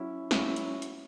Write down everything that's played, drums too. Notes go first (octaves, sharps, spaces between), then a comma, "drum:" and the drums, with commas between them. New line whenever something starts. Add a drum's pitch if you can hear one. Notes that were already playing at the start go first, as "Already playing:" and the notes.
Already playing: F#3 C#4 E4
F#3 C#4 E4, drum: snare
drum: hi-hat
drum: hi-hat